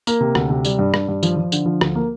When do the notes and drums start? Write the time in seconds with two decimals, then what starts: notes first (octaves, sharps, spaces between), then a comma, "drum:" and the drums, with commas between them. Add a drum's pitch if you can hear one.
0.07 A#3, drum: tambourine
0.21 C3
0.35 D2, drum: rim click
0.50 C3
0.65 G3, drum: tambourine
0.79 G2
0.94 G2, drum: rim click
1.08 G2
1.23 F3, drum: tambourine
1.37 F3
1.52 D3, drum: tambourine
1.66 F3
1.81 D2, drum: rim click
1.96 A#3